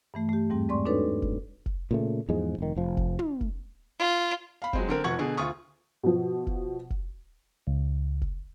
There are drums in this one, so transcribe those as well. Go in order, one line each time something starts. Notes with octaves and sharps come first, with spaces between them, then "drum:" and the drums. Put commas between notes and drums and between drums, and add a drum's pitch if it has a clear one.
G2 E3 A3
A3 G4
E2 G#2 G3 C4
G#3 C4 D5 C6 C#6
D4 D#4 F#4 A4 B4 C#5
drum: kick
drum: kick
A#2 C#3 A3
E2 G#2 F3 G#3
F1 D#3
F1 F3
drum: kick
drum: tom
drum: kick
F4
F5 B5
F#3 G#3 C4, drum: kick
D3 C4 A#4
F1 F3 F#5 C#6 G#6
B2 D3 G#4
D2 F4 C#6 D#6
B2 F3
drum: kick
drum: kick
C#2
drum: kick